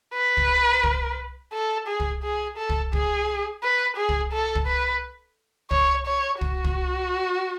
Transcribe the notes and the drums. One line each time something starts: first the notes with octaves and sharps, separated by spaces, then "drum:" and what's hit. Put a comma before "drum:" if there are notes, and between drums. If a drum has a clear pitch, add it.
B4
drum: kick
drum: kick
A4
G#4
drum: kick
G#4
A4
drum: kick
G#4, drum: kick
B4
G#4
drum: kick
A4
drum: kick
B4
C#5, drum: kick
C#5
F#4, drum: kick
drum: kick